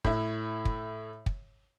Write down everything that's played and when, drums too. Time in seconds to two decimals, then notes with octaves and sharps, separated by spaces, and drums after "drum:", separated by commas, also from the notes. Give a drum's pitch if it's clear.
0.04 A2 E4, drum: kick
0.65 drum: kick
1.26 drum: kick